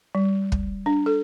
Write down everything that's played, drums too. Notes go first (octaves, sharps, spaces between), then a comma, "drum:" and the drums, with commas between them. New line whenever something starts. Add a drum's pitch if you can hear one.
G3
drum: kick
D4
A4